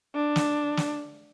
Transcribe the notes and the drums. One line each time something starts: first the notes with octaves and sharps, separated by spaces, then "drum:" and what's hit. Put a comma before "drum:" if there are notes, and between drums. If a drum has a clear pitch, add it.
D4
drum: snare
drum: snare